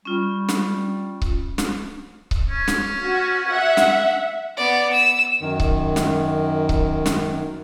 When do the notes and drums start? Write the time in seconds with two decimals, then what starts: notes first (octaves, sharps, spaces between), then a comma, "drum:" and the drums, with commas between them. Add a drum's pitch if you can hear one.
0.05 G3 C#4 F4
0.49 drum: snare
1.22 drum: kick C#1
1.58 drum: snare
2.31 drum: kick C#1
2.50 C#4
2.68 drum: snare
3.01 F#4
3.49 E5 F#5
3.77 drum: snare
4.57 B3 D5
4.93 E6
5.41 F#2 D#3
5.60 drum: kick C#1
5.96 drum: snare
6.69 drum: kick C#1
7.06 drum: snare